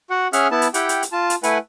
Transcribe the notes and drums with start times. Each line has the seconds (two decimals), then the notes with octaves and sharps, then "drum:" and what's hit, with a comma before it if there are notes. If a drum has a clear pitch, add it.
0.10 F#4 F#5
0.33 C#4 G#4 E5 F#5 F6, drum: hi-hat
0.51 B3 E4 A5
0.62 drum: hi-hat
0.74 E4 G4 F#5 G5, drum: hi-hat
0.89 drum: hi-hat
1.03 drum: hi-hat
1.12 F4 A5
1.30 drum: hi-hat
1.43 A3 E4 B4 F#5 G#5, drum: hi-hat